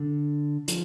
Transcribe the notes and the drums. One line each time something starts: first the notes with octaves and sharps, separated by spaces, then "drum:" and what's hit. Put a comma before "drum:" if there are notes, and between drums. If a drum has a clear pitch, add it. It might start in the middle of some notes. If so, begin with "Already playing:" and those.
Already playing: D3
F3, drum: hi-hat